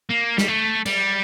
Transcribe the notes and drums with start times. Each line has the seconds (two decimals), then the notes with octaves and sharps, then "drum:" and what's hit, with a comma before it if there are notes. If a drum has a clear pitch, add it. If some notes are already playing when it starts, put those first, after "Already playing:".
0.11 A#3
0.38 G3, drum: snare
0.48 A3
0.86 G3, drum: cymbal